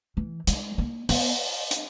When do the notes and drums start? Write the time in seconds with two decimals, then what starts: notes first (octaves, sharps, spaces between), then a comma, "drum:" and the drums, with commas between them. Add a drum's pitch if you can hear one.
0.17 E3
0.47 G#3, drum: hi-hat
0.78 A#3
1.09 B3, drum: open hi-hat
1.71 drum: hi-hat